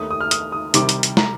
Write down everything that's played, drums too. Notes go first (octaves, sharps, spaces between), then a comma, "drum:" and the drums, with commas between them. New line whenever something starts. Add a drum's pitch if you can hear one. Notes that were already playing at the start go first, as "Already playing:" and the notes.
Already playing: D#2 D#3 A3 D#6
D#6
F6
D#6, drum: hi-hat
D#6
C2 C3 D#3 G3 D6, drum: hi-hat
drum: hi-hat
drum: hi-hat
A#5, drum: snare